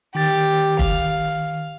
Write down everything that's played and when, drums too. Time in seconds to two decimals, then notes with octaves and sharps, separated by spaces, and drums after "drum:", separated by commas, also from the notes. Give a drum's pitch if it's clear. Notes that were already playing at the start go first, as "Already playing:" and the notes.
0.15 D#3 G4 A6
0.79 F5, drum: kick